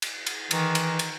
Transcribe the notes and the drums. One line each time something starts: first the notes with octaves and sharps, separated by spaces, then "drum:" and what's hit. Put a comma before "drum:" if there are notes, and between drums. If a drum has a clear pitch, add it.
drum: cymbal
drum: cymbal
D#3 E3 A#5, drum: cymbal
drum: cymbal
drum: cymbal